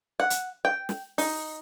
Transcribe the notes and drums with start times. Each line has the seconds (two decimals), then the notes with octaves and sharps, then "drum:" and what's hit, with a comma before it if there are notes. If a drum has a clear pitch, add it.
0.20 F#5
0.30 drum: hi-hat
0.65 G5
0.89 drum: snare
1.18 D#4, drum: open hi-hat